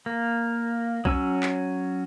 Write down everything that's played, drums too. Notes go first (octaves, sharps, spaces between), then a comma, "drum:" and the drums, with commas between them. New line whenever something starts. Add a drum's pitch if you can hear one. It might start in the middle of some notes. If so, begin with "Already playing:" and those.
A#3
F#3 C#4 E6, drum: kick B1
drum: clap